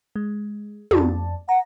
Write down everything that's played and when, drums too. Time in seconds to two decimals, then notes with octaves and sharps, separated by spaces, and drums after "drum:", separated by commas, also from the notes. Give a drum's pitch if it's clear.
0.16 G#3
0.91 F2 D5 A5, drum: tom
1.49 F#5 A#5